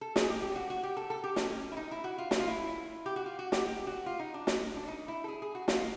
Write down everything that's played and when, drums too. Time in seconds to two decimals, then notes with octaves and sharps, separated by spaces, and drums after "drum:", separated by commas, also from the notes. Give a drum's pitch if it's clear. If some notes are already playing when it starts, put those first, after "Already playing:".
0.01 A4
0.16 G#4, drum: snare
0.30 G4
0.42 G4
0.56 F#4
0.70 F#4
0.83 G4
0.97 A4
1.10 A4
1.24 G4
1.36 C#4, drum: snare
1.50 C#4
1.72 E4
1.77 D#4
1.91 E4
2.04 F#4
2.18 F4
2.31 E4, drum: snare
2.40 F4
2.48 E4
3.06 G4
3.16 F#4
3.26 F4
3.39 F#4
3.52 G4, drum: snare
3.66 G4
3.87 F#4
4.06 F4
4.19 D#4
4.34 D4
4.47 drum: snare
4.76 D4
4.88 D#4
5.08 E4
5.24 A4
5.28 G#4
5.42 G#4
5.55 F#4
5.68 F4, drum: snare